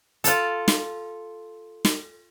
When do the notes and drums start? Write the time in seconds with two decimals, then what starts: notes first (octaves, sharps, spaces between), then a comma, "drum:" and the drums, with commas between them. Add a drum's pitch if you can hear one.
0.24 F4 A4, drum: hi-hat
0.68 drum: snare
1.85 drum: snare